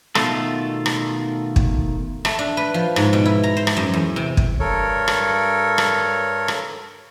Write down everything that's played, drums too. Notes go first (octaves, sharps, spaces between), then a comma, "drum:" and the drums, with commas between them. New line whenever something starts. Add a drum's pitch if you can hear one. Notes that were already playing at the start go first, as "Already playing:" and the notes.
B2 D#3 A3 F4 A4, drum: rim click
drum: rim click
drum: kick
A3, drum: rim click
D4
B4
F3
G#2, drum: rim click
B2
E4
A#5
C5
drum: rim click
F#2
E2
C3
drum: kick
G2 A4 A#4 C#5
drum: rim click
drum: rim click
drum: rim click